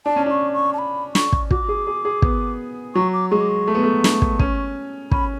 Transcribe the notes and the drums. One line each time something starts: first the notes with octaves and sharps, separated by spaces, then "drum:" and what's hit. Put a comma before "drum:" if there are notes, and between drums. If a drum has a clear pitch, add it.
D4 A5
C#4
D4 C#6
C#6
A5
B5
C#6, drum: snare
drum: kick
F#4 D6, drum: kick
G#4
G#4
G#4
B3, drum: kick
F#3 C#6
D6
G#3 C#6
D6
C#6
A3
B3
A3
A3, drum: snare
drum: kick
C#4, drum: kick
C#4 B5, drum: kick